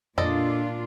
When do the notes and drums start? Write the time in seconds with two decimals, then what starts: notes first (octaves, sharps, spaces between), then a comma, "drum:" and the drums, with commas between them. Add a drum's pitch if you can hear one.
0.18 A#2 D4 F4 A4 D5 D#5, drum: tom F2